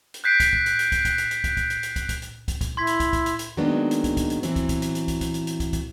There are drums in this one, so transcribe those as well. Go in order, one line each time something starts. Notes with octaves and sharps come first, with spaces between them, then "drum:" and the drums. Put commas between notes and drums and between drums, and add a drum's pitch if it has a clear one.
drum: hi-hat
F#6 G6 B6 C7 D7
drum: kick, hi-hat
drum: kick
drum: hi-hat
drum: hi-hat
drum: kick, hi-hat
drum: kick, hi-hat
drum: hi-hat
drum: hi-hat
drum: kick, hi-hat
drum: kick, hi-hat
drum: hi-hat
drum: hi-hat
drum: kick, hi-hat
drum: kick, hi-hat
drum: hi-hat
drum: kick, hi-hat
drum: kick, hi-hat
E4 C6 G#6 B6
drum: hi-hat
drum: kick, hi-hat
drum: kick, hi-hat
drum: hi-hat
drum: hi-hat
D#3 F#3 G#3 A#3 B3 D4
drum: hi-hat
drum: kick, hi-hat
drum: kick, hi-hat
drum: hi-hat
E3 F#3 C4, drum: hi-hat
drum: kick, hi-hat
drum: kick, hi-hat
drum: hi-hat
drum: hi-hat
drum: kick, hi-hat
drum: kick, hi-hat
drum: hi-hat
drum: hi-hat
drum: kick, hi-hat
drum: kick, hi-hat